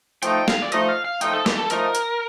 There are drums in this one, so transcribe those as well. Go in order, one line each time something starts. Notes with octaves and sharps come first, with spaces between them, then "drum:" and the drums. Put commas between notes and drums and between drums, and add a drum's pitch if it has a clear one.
F3 A3 D#4 G5, drum: hi-hat
F5, drum: snare
D5
F3 A3 D#4 D#5, drum: hi-hat
F5
F5
F3 A3 D#4 G5, drum: hi-hat
A4
G4, drum: snare
A4
F3 A3 D#4 A#4, drum: hi-hat
drum: hi-hat